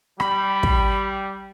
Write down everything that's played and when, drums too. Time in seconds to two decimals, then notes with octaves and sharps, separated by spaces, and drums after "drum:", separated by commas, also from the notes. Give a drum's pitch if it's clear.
0.20 G3 B5, drum: rim click
0.63 drum: kick